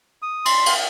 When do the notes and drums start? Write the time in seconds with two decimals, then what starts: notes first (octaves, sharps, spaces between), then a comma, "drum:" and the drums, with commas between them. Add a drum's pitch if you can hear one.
0.22 D#6
0.45 C6, drum: cymbal
0.66 drum: cymbal